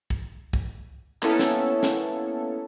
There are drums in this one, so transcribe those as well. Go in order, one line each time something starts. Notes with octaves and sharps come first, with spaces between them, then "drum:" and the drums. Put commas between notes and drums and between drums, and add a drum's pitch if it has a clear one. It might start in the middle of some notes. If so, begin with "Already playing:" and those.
drum: kick
drum: kick
A#3 B3 C#4 E4 A4 C#5, drum: clap
drum: snare
drum: snare